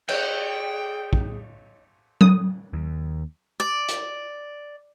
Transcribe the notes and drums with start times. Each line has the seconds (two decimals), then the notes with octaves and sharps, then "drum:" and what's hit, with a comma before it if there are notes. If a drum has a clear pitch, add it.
0.09 G#4 C#5 D#5 G5 G6, drum: cymbal
1.13 drum: kick
2.21 D#6, drum: tom F#3
2.73 D#2
3.60 D5
3.88 drum: hi-hat